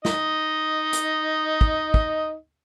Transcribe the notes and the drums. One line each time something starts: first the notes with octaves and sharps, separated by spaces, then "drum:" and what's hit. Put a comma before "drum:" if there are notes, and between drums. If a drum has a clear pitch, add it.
D#4 D#5, drum: snare
drum: hi-hat
drum: kick
drum: kick